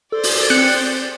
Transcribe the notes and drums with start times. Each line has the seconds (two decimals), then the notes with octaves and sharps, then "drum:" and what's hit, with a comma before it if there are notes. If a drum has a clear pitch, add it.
0.12 A4 C5 D5
0.23 drum: open hi-hat
0.50 C4 F#6 C#7